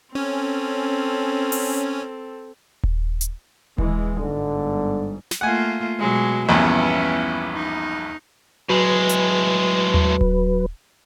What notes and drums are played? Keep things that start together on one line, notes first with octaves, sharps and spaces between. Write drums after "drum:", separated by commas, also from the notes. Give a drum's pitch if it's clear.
C4 C#4 A4
drum: open hi-hat
drum: kick D#1
drum: hi-hat
E3 G#3, drum: kick D#1
G1 G#2 D3
drum: snare
A3 A#3 F4 F#5 G#5
B2 F#3 G#3
A#1 E2 G2 B3 C#4 E4
D#4
A2 F#3 G#3 B4
drum: hi-hat
drum: tom D#2
drum: kick D#1